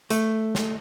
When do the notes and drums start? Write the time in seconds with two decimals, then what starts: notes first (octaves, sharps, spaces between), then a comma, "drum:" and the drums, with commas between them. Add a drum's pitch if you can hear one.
0.10 A3, drum: hi-hat
0.55 drum: snare